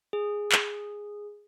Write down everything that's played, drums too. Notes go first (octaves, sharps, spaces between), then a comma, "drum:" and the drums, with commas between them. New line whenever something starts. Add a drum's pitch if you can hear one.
G#4
drum: clap